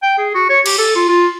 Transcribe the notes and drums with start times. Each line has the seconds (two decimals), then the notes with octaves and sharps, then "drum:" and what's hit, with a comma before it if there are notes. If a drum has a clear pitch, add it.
0.03 G5
0.18 G#4
0.35 F#4
0.50 C#5
0.66 G4, drum: cymbal
0.78 A4
0.96 F4
1.09 F4